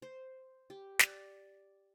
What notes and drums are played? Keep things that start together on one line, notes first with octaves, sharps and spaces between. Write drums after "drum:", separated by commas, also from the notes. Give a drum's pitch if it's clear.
C5
G4
D5, drum: snare